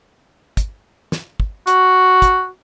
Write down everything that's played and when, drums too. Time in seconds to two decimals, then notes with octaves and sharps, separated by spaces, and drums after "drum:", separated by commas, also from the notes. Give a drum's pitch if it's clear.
0.57 drum: kick, hi-hat
1.12 drum: snare
1.40 drum: kick
1.67 F#4, drum: hi-hat
2.22 drum: kick, hi-hat